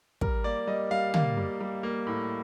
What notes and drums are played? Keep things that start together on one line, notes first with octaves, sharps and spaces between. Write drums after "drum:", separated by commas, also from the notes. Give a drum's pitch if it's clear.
G3 A#4, drum: kick
A#3 D5
G3 D#5
G3 F5
A#3 F5, drum: tom
G3
G3
A#3
A2